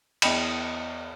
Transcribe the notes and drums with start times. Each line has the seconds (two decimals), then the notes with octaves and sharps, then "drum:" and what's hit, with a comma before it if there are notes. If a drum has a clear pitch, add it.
0.22 E2 D#5 G5 B5, drum: cymbal